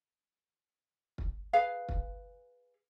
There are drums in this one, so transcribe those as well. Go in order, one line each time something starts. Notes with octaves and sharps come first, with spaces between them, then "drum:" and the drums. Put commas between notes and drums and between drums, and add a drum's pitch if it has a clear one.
drum: kick
G#4 B4 F5
drum: kick